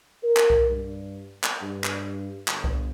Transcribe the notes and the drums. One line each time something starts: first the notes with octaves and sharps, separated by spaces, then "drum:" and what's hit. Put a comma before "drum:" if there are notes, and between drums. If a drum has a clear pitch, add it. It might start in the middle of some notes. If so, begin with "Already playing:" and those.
A#4
drum: clap
drum: kick C2
G2
drum: clap
G2
drum: clap
G1, drum: clap
drum: kick C2